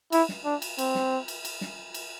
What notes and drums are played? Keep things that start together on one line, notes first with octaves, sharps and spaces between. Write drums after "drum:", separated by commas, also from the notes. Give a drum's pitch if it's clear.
E4, drum: cymbal
drum: snare
D4
drum: cymbal
C4, drum: cymbal
drum: snare
drum: cymbal
drum: cymbal
drum: snare
drum: cymbal